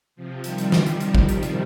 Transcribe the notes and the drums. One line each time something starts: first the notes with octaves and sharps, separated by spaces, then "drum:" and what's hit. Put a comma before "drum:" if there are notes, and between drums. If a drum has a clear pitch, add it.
C3 F3
D#3 G3, drum: hi-hat
drum: hi-hat
drum: snare
drum: hi-hat
drum: hi-hat
drum: kick
drum: hi-hat
drum: hi-hat